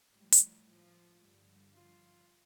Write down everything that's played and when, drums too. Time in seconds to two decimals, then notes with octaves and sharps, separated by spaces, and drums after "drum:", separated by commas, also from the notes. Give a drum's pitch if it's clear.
0.13 A2 F3 G3
0.32 drum: hi-hat
0.67 F3
1.21 G2 D3 F3 G3
1.75 F4